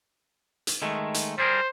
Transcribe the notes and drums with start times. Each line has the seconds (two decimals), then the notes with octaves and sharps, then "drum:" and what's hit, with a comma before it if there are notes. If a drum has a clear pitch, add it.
0.67 drum: hi-hat
0.82 D#3 G#3 A3
1.14 drum: hi-hat
1.38 G3 G#4 A#4 C5